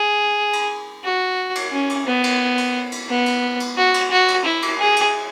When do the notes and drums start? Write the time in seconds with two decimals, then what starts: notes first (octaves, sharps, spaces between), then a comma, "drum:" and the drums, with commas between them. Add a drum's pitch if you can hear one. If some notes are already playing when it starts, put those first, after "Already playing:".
Already playing: G#4
0.53 drum: cymbal
1.04 F#4
1.55 drum: cymbal
1.72 C#4
1.89 drum: cymbal
2.07 B3
2.24 drum: cymbal
2.58 drum: cymbal
2.92 drum: cymbal
3.09 B3
3.26 drum: cymbal
3.60 drum: cymbal
3.77 F#4
3.94 drum: cymbal
4.11 F#4
4.28 drum: cymbal
4.45 E4
4.62 drum: cymbal
4.79 G#4
4.96 drum: cymbal